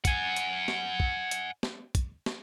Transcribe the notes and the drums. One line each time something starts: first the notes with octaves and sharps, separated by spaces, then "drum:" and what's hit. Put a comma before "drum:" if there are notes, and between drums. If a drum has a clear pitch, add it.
F#5 G#5, drum: kick, hi-hat
drum: hi-hat
drum: snare
drum: kick
drum: hi-hat
drum: snare
drum: kick, hi-hat
drum: snare